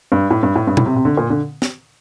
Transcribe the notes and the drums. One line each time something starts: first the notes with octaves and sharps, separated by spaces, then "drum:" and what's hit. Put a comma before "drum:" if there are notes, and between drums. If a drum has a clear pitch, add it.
G2
A2
G2
A2
G2
A2, drum: tom B2
C3
C3
D3
A#2
D3
drum: snare